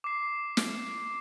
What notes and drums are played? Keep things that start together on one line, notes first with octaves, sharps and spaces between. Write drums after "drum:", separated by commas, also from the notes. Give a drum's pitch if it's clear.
D6 C7
drum: snare